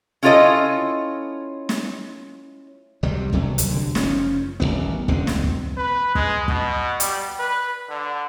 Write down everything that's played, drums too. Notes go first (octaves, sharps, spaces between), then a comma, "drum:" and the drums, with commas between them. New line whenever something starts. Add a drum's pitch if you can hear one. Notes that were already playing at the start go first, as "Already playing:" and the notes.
C#4 E4 F4 A4 C#5 D#5
drum: snare
C#2 C3 F#3 G3
D#1 C3 F#3 A3, drum: kick
drum: hi-hat
C2 D3
F#1 F3 C#4, drum: snare
D#1 A1 F2 B3
D#1 C#2 D3 C4, drum: kick
drum: snare
drum: kick
B4
G#3, drum: kick
B2, drum: kick
G3, drum: hi-hat
B4
D3